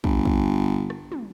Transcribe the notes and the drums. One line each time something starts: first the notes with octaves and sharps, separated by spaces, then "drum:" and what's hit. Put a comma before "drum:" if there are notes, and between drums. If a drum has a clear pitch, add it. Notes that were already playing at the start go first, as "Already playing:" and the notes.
G1, drum: kick
drum: kick
drum: rim click
drum: tom